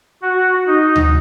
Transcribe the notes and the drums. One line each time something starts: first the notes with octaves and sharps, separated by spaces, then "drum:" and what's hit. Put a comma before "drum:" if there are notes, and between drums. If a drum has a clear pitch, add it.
F#4
D#4
drum: tom D2